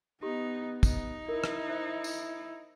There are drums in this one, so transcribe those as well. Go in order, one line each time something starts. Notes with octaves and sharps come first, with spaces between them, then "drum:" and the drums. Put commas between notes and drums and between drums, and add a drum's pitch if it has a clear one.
B3 D#4 G4
D#4, drum: kick, tambourine
E4 A#4
drum: rim click
C5 E5
drum: tambourine